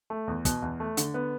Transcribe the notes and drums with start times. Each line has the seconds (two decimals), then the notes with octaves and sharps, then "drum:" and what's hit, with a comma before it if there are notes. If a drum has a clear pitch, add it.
0.10 A3
0.27 E2
0.45 B2, drum: kick, hi-hat
0.62 E2
0.80 A3
0.97 D3, drum: hi-hat
1.14 B3